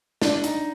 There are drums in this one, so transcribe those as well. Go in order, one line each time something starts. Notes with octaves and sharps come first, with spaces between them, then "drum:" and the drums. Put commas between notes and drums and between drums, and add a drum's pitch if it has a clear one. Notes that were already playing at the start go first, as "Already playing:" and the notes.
D4, drum: snare
D#4, drum: hi-hat